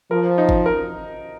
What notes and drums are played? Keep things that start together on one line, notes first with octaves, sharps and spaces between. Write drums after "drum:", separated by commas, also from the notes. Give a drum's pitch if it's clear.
F3 A#4
D#4
drum: kick
A#4